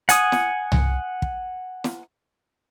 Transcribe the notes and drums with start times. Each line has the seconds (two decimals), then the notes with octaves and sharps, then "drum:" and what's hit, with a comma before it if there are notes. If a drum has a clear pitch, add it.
0.09 F#5 G#5 D#6, drum: hi-hat
0.32 drum: snare
0.72 drum: tom C2
1.22 drum: kick
1.84 drum: snare